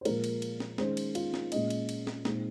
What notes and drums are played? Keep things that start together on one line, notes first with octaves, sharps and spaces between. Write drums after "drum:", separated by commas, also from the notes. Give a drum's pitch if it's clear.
C5
A#2 F3 G#3 A#4, drum: cymbal
drum: cymbal
drum: cymbal
drum: snare
D#3 G#3 C#4 C5, drum: snare
drum: cymbal
F4, drum: cymbal
drum: snare
A#2 G#3 C#4 D#5, drum: cymbal
drum: cymbal
drum: cymbal
drum: snare
A#2 G#3 C4 D#4, drum: snare